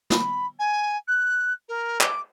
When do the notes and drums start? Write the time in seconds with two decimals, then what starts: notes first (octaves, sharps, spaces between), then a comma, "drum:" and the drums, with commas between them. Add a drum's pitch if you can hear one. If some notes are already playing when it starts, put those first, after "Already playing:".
0.10 B5, drum: snare
0.59 G#5
1.07 F#6
1.68 A#4
2.01 D6, drum: clap